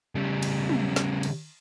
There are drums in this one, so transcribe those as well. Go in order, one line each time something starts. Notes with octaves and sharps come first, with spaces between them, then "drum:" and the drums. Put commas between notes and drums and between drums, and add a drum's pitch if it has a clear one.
C#3 G3
drum: cymbal
drum: tom
drum: snare
drum: cymbal